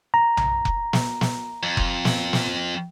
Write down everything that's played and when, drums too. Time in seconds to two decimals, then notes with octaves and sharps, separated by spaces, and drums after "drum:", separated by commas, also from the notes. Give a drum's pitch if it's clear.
0.14 A#5
0.37 drum: tom B1
0.65 drum: kick F1
0.93 drum: snare
1.21 drum: snare
1.63 F2
1.77 drum: kick F1
2.05 drum: snare
2.33 drum: snare